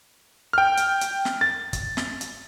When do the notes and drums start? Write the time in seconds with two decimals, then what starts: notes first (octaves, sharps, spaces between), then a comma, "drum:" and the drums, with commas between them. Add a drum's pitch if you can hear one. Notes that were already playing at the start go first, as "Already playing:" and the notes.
0.53 G5 F6
0.77 drum: hi-hat
1.01 drum: hi-hat
1.25 drum: snare
1.41 A6
1.73 drum: kick, hi-hat
1.97 drum: snare
2.21 drum: hi-hat